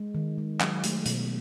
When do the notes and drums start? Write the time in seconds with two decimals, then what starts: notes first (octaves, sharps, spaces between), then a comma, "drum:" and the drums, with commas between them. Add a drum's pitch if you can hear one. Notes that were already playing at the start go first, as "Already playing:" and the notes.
Already playing: G#3
0.15 D#3
0.38 G#3
0.60 F#3, drum: clap
0.84 A3, drum: hi-hat
1.06 B2, drum: hi-hat